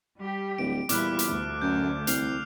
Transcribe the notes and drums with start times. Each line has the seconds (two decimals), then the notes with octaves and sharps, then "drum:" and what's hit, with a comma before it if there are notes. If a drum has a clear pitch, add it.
0.17 G3 G4
0.58 D1 D7
0.89 E2 A#2 G3 E4 D6 F6 F#6, drum: hi-hat
1.19 drum: hi-hat
1.28 D2
1.62 F#2 G6
2.07 C2 F6 C7 F7, drum: hi-hat